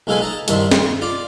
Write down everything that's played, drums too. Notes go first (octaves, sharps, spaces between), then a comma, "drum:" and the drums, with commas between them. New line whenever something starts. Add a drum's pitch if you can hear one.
B1 G#3 F4 A4 B4 G#5
D#4 A5 A#5
C2 G2 D#3 E5 C6, drum: hi-hat
C6 C#6, drum: snare
F4 D5